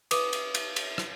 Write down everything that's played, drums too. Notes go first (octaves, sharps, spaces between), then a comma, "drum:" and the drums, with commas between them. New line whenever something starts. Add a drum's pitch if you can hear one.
B4 D6 D#6, drum: cymbal
drum: cymbal
drum: cymbal
drum: cymbal
drum: rim click